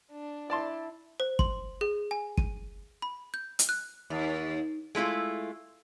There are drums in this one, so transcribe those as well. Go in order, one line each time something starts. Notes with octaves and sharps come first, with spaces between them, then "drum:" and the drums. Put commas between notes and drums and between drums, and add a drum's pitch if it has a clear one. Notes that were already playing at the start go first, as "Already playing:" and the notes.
D4
E4 D5 A5 C6
C5
C6, drum: kick
G#4
G#5
D#7, drum: kick
B5
G6
drum: hi-hat
F#6
D#2
G#3 A3 E4 F4